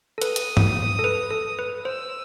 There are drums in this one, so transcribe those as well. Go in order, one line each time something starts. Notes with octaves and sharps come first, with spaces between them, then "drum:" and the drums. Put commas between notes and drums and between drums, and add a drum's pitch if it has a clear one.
A4
B4 D#6, drum: hi-hat
drum: hi-hat
drum: tom G2
A4
B4
A4
B4
C5 E6